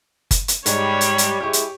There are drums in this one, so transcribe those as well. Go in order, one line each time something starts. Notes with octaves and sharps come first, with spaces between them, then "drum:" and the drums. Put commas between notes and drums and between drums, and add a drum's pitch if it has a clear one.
drum: kick F#1, hi-hat
drum: hi-hat
G#2 G3 C#5, drum: hi-hat
drum: hi-hat
drum: hi-hat
G#3 E4 G4 C#6
drum: hi-hat